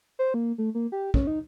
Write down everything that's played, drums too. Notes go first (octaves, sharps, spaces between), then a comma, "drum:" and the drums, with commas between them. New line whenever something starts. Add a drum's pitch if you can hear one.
C5
A#3
A3
A#3
G4
C#4, drum: kick
D#4